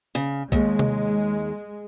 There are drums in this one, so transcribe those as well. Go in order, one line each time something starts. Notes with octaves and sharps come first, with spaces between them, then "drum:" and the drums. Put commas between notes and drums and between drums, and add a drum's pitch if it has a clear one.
C#3
D#2 G#3, drum: kick
drum: tom C3